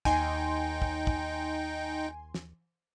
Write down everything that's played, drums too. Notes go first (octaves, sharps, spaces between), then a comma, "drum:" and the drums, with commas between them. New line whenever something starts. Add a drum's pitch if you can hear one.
D#2 D#4 G5 G#5 C6, drum: kick
drum: kick
drum: kick
drum: snare